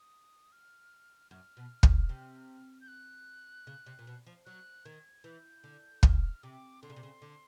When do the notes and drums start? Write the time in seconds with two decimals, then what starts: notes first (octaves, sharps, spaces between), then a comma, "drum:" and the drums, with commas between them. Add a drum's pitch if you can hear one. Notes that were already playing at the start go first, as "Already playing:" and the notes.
Already playing: D#6
0.52 F6
1.31 F#2 F6
1.57 B2
1.83 A#2, drum: kick
2.09 C3
2.81 G6
2.88 F#6
3.67 C#3
3.86 C3
3.99 A#2
4.07 B2
4.27 F3
4.46 F#3 F#6
4.85 D#3 G#6
5.24 E3 G6
5.64 D3
6.03 C#3 F6, drum: kick
6.43 C3 D6
6.83 D3 C6
6.90 C#3
6.96 C3
7.03 C#3
7.22 D3